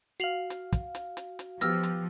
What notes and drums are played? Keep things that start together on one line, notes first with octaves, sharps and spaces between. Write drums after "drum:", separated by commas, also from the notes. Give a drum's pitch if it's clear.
F#4 F5 C7 F7 F#7
drum: hi-hat
drum: kick, hi-hat
drum: hi-hat
drum: hi-hat
drum: hi-hat
F3 B3 G4 E6 F6 A#6, drum: hi-hat
drum: hi-hat